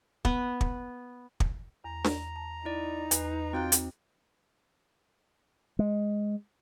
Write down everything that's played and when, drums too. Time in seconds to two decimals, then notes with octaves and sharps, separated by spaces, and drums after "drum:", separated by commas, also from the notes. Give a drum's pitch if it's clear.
0.25 B3, drum: kick
0.61 drum: kick
1.40 drum: kick
1.84 E2 A#5
2.04 drum: snare D4
2.36 A5
2.65 D#4 E4 D5
3.11 E2 B4, drum: hi-hat
3.53 C4 F4 F#4 G5 A#5 F#6
3.72 drum: hi-hat
5.79 G#3